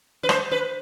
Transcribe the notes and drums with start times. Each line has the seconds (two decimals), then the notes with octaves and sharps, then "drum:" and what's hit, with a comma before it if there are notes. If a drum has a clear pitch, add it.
0.23 B4
0.29 C5, drum: rim click
0.51 B4